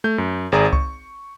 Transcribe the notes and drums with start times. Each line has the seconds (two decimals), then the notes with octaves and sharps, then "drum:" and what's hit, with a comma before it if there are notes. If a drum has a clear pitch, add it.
0.04 A3 G6
0.18 F#2
0.52 G#1 G#4 D5 A#5
0.73 C#6, drum: kick C2